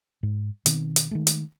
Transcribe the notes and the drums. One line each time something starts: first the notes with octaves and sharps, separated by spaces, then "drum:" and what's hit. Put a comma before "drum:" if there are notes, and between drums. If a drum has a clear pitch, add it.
G#2
B2 D#3 B3 C4, drum: hi-hat
drum: hi-hat
D#3 G#3 A3
drum: hi-hat